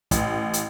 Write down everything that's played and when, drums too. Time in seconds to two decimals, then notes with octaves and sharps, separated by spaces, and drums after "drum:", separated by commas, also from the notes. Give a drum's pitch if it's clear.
0.11 A1, drum: kick, hi-hat
0.53 drum: hi-hat